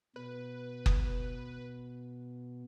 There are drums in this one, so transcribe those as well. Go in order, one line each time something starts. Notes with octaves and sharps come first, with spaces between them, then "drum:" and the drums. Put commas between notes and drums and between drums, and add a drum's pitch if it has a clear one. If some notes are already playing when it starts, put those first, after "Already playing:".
B2 B4
drum: kick F#1